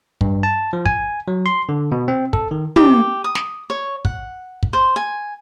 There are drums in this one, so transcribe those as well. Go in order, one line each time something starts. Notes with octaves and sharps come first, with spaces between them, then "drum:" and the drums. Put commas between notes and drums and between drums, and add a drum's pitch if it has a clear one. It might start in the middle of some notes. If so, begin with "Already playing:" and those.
G2, drum: kick
A5
F3
G#5, drum: kick
F#3
C6
D3
B2
C4
A4, drum: kick
D#3
G4, drum: tom
D#6
drum: snare
C#5
F#5, drum: kick
drum: kick
C5
G#5